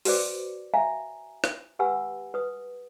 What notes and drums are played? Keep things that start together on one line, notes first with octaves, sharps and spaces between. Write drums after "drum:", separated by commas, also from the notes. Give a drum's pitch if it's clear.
F#4 B4 C5 D5 D6, drum: open hi-hat
E5 F5 G#5 A#5
drum: rim click
G4 B4 F#5 G#5 B5 E6
B4 D#6